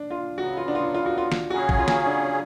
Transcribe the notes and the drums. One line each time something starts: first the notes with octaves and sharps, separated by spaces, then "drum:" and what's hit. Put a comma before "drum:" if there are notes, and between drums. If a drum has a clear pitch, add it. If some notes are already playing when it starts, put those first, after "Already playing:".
Already playing: D4
F4
C#3 F#3 B3 F#4
F4
D4
F4
F4
F#4
F4
drum: snare
C#3 F#3 C#4 F#4 G#4
drum: kick
F4
drum: snare
D4